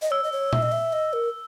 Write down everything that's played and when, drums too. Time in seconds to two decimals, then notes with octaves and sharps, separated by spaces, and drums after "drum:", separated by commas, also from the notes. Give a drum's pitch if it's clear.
0.02 D#5
0.11 C#5 E6
0.24 D#5
0.32 C#5
0.53 E5, drum: tom A#2
0.62 D#5
0.72 E5
0.93 D#5
1.13 A#4